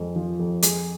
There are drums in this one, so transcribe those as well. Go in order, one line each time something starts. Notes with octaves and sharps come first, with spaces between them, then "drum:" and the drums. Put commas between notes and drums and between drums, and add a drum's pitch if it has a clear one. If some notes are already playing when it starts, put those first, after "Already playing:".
Already playing: F2 G#3
F3
F2
G#3 G#4, drum: hi-hat